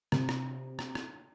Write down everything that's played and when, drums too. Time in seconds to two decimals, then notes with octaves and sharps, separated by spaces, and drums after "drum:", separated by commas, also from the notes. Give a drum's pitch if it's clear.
0.12 C3, drum: rim click
0.29 drum: rim click
0.79 drum: rim click
0.95 drum: rim click